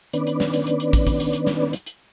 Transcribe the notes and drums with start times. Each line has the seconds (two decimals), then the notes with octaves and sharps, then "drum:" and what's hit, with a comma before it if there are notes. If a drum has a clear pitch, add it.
0.13 D#3 B3 C#4 D4 B4 D5, drum: hi-hat
0.27 drum: hi-hat
0.40 drum: snare
0.53 drum: hi-hat
0.67 drum: hi-hat
0.80 drum: hi-hat
0.93 drum: kick, hi-hat
1.07 drum: kick, hi-hat
1.20 drum: hi-hat
1.33 drum: hi-hat
1.47 drum: snare
1.73 drum: hi-hat
1.86 drum: hi-hat